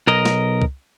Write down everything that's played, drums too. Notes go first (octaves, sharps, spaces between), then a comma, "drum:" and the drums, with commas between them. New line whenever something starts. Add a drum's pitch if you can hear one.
B1 A#4 D#5
drum: snare
drum: kick